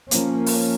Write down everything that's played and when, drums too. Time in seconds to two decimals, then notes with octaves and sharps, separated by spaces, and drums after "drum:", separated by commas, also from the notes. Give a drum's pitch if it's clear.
0.11 F3 A#3 C#4, drum: hi-hat
0.46 drum: open hi-hat